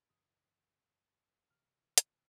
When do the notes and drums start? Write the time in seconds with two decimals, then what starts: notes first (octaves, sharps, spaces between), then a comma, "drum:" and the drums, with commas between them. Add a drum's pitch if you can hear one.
0.10 F#2 C#3 E3 D#6
1.50 C3 E3 F6
1.98 drum: hi-hat